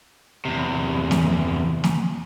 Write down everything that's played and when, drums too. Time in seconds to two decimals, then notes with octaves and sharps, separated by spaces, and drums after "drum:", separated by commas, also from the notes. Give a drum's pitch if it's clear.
0.45 E2 C3
1.11 drum: snare
1.84 drum: snare